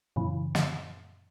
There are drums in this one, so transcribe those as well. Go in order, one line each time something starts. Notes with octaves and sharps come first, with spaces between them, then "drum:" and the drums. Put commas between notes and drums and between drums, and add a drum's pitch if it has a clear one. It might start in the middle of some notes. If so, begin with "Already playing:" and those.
F#2 A#2 C#3 E3
drum: snare